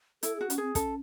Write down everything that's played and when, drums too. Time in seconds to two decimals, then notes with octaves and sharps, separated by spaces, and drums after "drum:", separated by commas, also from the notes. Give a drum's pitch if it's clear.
0.23 E4 A4, drum: hi-hat
0.36 F#4 G#4
0.50 C#4, drum: hi-hat
0.58 C4 G#4
0.75 C#4 A4, drum: kick, hi-hat